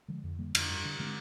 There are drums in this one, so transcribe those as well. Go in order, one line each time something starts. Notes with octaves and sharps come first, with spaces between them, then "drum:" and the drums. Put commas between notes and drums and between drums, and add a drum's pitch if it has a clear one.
D3 F3 G#3
F2
D3 G3 A#3
F2, drum: cymbal
G2
D3
D3 G#3 C4